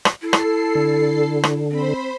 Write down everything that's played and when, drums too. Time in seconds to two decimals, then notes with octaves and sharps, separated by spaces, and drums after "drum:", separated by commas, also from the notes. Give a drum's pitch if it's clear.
0.05 drum: rim click
0.22 E4 A4 C7
0.33 drum: rim click
0.75 D3
1.43 drum: rim click
1.71 C4 C5 B5